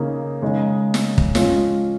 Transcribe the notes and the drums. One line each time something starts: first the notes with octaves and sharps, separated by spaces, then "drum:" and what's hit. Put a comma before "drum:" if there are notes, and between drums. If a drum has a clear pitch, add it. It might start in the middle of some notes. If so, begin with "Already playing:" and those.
Already playing: C#3 A#3 D#4
C#3 G#3 D#4
drum: snare
drum: kick
F3 G#3 C#4 F4, drum: snare